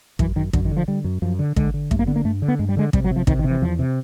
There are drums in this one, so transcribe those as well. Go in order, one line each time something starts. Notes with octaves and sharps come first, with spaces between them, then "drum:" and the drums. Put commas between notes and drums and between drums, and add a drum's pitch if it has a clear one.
F#2 E3, drum: kick
F#2 D#3
F#2 D3, drum: kick
D#3
D3
F3
D3 G3
F#2
F#2 F3
D3
D3 G#3, drum: kick
D3
G2 A3, drum: kick
A#3
D3 B3
A#3
G2 A3
D3
B3
G2 G#3
G3
D3 G#3
C3 G3, drum: kick
F#3
C3
F3
C3 D#3, drum: kick
D#3
C3
E3
E2 F3
C3